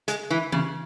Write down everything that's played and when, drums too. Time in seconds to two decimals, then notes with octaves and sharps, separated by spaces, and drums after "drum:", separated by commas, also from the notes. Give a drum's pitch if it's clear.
0.08 G#3, drum: hi-hat
0.30 E3
0.52 C#3, drum: tom E3